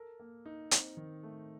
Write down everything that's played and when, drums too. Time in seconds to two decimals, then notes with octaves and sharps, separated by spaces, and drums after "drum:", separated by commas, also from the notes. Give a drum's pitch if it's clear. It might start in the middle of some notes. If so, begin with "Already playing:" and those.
Already playing: A4 A#4
0.20 A#3
0.46 D#4
0.71 C4, drum: hi-hat
0.97 D#3
1.23 A3